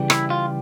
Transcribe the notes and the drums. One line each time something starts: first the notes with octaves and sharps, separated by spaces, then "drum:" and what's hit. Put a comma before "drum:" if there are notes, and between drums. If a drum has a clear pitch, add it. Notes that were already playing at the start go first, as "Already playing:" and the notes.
Already playing: C#3 E3 G3
E4, drum: rim click
F4